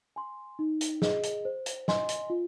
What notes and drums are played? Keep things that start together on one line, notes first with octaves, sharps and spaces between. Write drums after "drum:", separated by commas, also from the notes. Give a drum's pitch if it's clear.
G#5 C6
D#4
drum: hi-hat
G#4 D#5, drum: snare
drum: hi-hat
C5
drum: hi-hat
D#5 G#5 C6, drum: snare
drum: hi-hat
F4